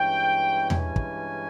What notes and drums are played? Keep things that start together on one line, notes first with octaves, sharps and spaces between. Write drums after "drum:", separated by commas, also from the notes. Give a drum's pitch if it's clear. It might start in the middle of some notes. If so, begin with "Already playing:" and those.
Already playing: G2 E3 G#3 C#4 G5
G#5, drum: tom E2
drum: kick